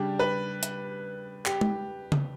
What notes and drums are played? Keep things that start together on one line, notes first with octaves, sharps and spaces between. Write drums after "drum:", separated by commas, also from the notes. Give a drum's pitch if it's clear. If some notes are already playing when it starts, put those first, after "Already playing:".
Already playing: C#3 G3 D4 G4
B4
drum: hi-hat
G4, drum: clap
drum: tom G#3
drum: tom C#3